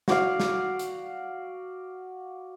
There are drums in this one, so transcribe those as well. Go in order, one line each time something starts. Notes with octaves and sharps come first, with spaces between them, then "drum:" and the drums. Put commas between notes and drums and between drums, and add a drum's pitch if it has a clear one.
F#4 D5 F5, drum: snare
drum: snare
drum: hi-hat